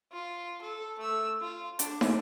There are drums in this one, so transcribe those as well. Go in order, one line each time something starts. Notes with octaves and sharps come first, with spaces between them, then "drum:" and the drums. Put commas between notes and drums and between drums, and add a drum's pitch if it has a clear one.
F4
A4
A3 E6
F4
D4, drum: hi-hat
drum: snare